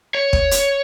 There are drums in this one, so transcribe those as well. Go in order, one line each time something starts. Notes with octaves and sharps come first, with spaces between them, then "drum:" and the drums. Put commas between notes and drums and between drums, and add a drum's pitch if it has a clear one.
C#5
drum: kick
drum: hi-hat